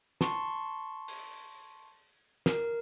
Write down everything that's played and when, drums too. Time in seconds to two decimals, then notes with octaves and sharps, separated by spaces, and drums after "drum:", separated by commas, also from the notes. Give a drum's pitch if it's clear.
0.21 A5 C6 C#6, drum: snare
1.08 drum: open hi-hat
2.46 A#4, drum: snare